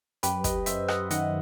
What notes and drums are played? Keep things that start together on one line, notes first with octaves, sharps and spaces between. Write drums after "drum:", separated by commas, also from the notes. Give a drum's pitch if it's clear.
F#2 G4 B4, drum: hi-hat
B4 D#5, drum: kick, hi-hat
F#2 C5 E5, drum: hi-hat
D#5 F#5, drum: rim click
D#3 D#5 F#5, drum: hi-hat